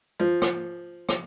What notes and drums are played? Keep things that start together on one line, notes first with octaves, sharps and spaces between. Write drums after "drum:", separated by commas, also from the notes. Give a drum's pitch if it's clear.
F3
drum: rim click
drum: rim click